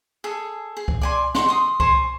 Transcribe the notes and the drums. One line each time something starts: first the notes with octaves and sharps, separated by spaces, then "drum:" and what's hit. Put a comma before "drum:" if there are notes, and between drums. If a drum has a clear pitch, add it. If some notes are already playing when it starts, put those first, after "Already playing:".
G#4 A4
G#4
drum: kick C2
D5 G#5 C6
D#4 F#5 C6 C#6, drum: snare
C6 D#6
C5 G#5 C#6, drum: kick C2